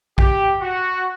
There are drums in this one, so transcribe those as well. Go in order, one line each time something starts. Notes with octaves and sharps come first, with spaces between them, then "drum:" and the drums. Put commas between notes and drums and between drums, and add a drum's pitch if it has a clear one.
G4, drum: kick A#1
F#4